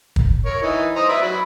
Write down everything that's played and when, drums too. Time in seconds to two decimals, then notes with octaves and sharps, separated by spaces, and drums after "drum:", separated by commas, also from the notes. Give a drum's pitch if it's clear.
0.16 drum: kick
0.45 A#4 C#5
0.62 E3 D#4
0.96 C5 D#5 A#5
1.09 B4 D5 E5
1.22 F#3 B5